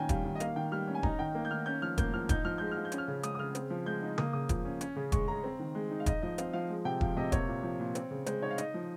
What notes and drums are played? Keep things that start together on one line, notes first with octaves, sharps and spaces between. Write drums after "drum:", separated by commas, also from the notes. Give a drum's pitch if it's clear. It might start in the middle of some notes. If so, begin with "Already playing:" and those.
Already playing: A#2 D#3 C#4 G5 G#5 A#5
G3 F5, drum: kick E1, hi-hat
D#3
D#5
A#3 F5, drum: hi-hat
D#3 G5
G3 F6
C#4
G#5
D#4 A#5, drum: kick E1
D#3 G5
A#3
G6
D#3 F6
C#4 G6
F3 F6
A#3 G6, drum: kick E1, hi-hat
F3 F6
D#4 G6, drum: kick E1, hi-hat
F3 F6
G#3 G6
F3 F6
G6
C#4, drum: hi-hat
F6
C#3
G#3 D#6, drum: hi-hat
D#6
C#3 F6
C4, drum: hi-hat
F3
G#3 G6
D#4
A#3 D#6, drum: tom C#3
C#3 D#6
F3, drum: kick E1, hi-hat
C#4
C#4, drum: hi-hat
C#3
G#3 C#6, drum: kick E1, hi-hat
C#3 A#5
C4
D#3
G#3
D#4
F5
D#4 D#5, drum: kick E1, hi-hat
F3 D#5
C4 F5, drum: hi-hat
F3 F5
G#3
C3 G5
F3 F5, drum: kick E1
C3 D#5
A#3 C#5, drum: kick E1, hi-hat
A#2
F3
A#2
C4, drum: hi-hat
C#3
G#3 C5, drum: hi-hat
D#4 C#5
F5
D#4 D#5, drum: hi-hat
F3